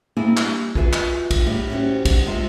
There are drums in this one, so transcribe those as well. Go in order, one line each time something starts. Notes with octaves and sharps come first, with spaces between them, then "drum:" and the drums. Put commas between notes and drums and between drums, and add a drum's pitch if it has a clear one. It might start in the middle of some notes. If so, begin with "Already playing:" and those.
A#3 C4 D4 E4 G#4 G#5
G3, drum: clap
F4 F#4 G#4 B4 E5, drum: kick
drum: clap
drum: kick, cymbal
A2 G3 C#5
C#4 F#4 G4 C5
drum: kick, cymbal
C3 G#3 F4 C5